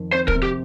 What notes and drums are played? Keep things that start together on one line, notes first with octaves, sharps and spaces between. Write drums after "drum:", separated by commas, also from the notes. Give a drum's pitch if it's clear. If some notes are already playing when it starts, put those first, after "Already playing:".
Already playing: F2 D#3
C4 C5
A#4, drum: kick
C3
G4